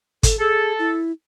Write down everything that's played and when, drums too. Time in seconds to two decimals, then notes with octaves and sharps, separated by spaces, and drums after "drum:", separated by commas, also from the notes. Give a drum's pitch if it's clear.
0.23 A4, drum: kick, hi-hat
0.39 G#4 A4
0.79 E4